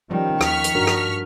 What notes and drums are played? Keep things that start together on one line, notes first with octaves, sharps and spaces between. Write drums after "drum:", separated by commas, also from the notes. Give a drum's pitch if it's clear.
D#3 F3 G3 C#4
D#2 C#6 F6 B6, drum: rim click
drum: hi-hat
G2 D4 F#4 A#4
drum: rim click